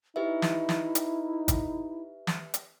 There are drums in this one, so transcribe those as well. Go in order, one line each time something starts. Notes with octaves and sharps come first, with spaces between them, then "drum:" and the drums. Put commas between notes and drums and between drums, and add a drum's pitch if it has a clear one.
D#4 E4 G4 B4 E5
drum: snare
drum: snare
drum: hi-hat
drum: kick, hi-hat
drum: snare
drum: hi-hat